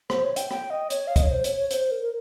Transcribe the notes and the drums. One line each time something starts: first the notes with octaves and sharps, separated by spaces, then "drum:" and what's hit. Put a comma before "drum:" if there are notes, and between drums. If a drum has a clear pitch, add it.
C5, drum: rim click
C#5
G5, drum: hi-hat
G5, drum: rim click
D#5
C#5, drum: hi-hat
F5
D#5, drum: kick, hi-hat
C#5
C5
C#5, drum: hi-hat
C#5
C5, drum: hi-hat
A#4
A#4